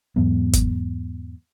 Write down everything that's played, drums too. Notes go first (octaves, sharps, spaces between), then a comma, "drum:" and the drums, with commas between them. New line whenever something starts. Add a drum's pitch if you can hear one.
E2 G#2 F#3 B3
drum: kick G1, hi-hat